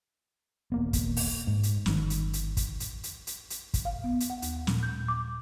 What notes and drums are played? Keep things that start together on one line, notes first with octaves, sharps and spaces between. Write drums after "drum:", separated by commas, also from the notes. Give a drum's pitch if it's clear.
D#1 A#3 B3
drum: kick, hi-hat
drum: open hi-hat
G#2
drum: hi-hat
G1 D#3, drum: snare
drum: hi-hat
drum: hi-hat
drum: kick, hi-hat
drum: hi-hat
drum: hi-hat
drum: hi-hat
drum: hi-hat
drum: kick, hi-hat
F5
B3
drum: hi-hat
F#5
D#2, drum: hi-hat
A#2, drum: snare
G6
D6